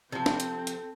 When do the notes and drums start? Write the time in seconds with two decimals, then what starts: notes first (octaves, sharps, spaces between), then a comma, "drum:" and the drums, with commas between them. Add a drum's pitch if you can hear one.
0.12 C3 F3 C4 A4
0.26 drum: snare
0.40 drum: hi-hat
0.67 drum: hi-hat